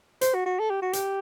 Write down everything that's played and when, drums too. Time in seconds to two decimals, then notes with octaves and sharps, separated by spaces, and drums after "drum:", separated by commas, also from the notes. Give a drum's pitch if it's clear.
0.21 C5, drum: hi-hat
0.34 F#4
0.46 F#4
0.59 A4
0.70 G4
0.82 F#4
0.93 G4, drum: hi-hat